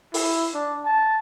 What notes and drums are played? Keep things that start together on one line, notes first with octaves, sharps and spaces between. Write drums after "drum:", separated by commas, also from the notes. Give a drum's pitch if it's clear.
E4, drum: open hi-hat
D4
A5